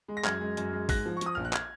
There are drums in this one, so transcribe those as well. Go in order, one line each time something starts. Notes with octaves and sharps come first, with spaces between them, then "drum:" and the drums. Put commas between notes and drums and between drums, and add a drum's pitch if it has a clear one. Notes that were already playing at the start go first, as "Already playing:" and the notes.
G#3
A#6
F#2 F6 G#6, drum: clap
G#3
F#2, drum: hi-hat
G#3
G#2 F#6 A#6, drum: kick A1, open hi-hat
F3
C#6
F3, drum: hi-hat
D#6
A#1 F6
F#6
F6 G#6, drum: clap